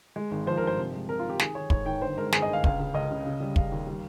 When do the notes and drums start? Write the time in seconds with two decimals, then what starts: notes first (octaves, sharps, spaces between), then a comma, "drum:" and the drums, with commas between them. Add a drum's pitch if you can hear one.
0.16 G#3
0.31 G#1
0.47 F3 C5
0.57 A#4
0.62 G2
0.67 C5
0.78 C3
0.93 G#3
1.09 C3 A#4
1.19 F4
1.24 D#3
1.30 G4
1.39 D#3 G#4, drum: snare
1.55 D#3 C#5
1.70 G#2 C#5, drum: kick
1.86 D#3 G5
2.01 G1 C5
2.17 G#3 A#4
2.32 G1 G#4, drum: snare
2.42 D#5
2.47 G1
2.53 F5
2.64 C#2 F5, drum: kick
2.79 C#3
2.94 C#2 D#5
3.11 C#3
3.26 C#3
3.40 G3
3.56 C#3 F5, drum: kick
3.72 D#2
3.87 G3